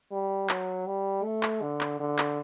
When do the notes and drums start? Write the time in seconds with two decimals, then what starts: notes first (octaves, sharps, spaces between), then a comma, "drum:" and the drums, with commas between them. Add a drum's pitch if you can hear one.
0.11 G3
0.49 F#3, drum: clap
0.86 G3
1.24 A3
1.43 drum: clap
1.62 D3
1.81 drum: clap
2.00 D3
2.18 drum: clap